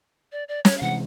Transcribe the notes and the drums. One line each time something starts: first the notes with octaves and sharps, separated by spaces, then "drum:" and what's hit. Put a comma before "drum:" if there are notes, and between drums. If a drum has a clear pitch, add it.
D5
D5
C#5, drum: snare
F5
C3 E3 G#3 F#5